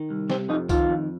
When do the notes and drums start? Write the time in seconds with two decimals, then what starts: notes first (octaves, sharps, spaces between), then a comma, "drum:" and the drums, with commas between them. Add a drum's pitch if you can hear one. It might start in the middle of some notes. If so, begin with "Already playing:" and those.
Already playing: D#3
0.10 C2
0.30 C3 C4, drum: snare
0.49 F2 D#4
0.69 D#3 F4, drum: kick C2, tambourine
0.89 F2